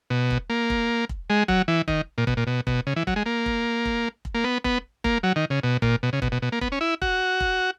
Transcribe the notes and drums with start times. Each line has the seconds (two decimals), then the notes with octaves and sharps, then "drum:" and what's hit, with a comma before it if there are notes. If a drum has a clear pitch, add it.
0.10 B2
0.30 drum: kick
0.50 A#3
0.70 drum: kick
1.09 drum: kick
1.30 G#3
1.48 F#3, drum: kick
1.68 E3
1.88 D#3, drum: kick
2.18 A#2
2.27 B2, drum: kick
2.37 A#2
2.47 B2
2.67 B2, drum: kick
2.87 C#3
2.96 E3
3.07 F#3, drum: kick
3.16 G#3
3.26 A#3
3.46 drum: kick
3.85 drum: kick
4.25 drum: kick
4.35 A#3
4.44 B3
4.65 B3, drum: kick
5.04 A#3, drum: kick
5.23 F#3
5.36 D#3
5.50 C#3
5.63 B2
5.82 A#2, drum: kick
6.03 B2
6.13 C#3
6.22 B2, drum: kick
6.32 B2
6.42 B2
6.52 A#3
6.61 B3, drum: kick
6.72 C#4
6.81 E4
7.02 F#4, drum: kick
7.40 drum: kick